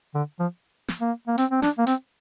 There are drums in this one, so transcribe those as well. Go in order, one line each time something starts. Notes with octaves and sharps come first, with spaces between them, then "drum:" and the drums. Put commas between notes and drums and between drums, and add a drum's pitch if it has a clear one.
D3
F3
drum: snare
A#3
A#3
C4, drum: hi-hat
C4
D4, drum: snare
A#3
C4, drum: hi-hat